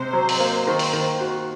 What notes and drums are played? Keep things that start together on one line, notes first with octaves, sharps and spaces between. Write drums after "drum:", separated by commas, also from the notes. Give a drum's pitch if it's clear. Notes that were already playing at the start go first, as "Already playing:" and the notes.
Already playing: C3 G#3 C5
F#3
drum: open hi-hat
A#3
D#3
drum: open hi-hat
D#3
F#4